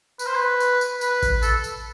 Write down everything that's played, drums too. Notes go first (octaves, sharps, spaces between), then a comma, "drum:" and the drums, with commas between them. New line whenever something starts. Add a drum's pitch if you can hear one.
B4, drum: tambourine
C5
B4
drum: tambourine
drum: tambourine
B4, drum: tambourine
drum: kick A1, tambourine
A4, drum: tambourine
drum: tambourine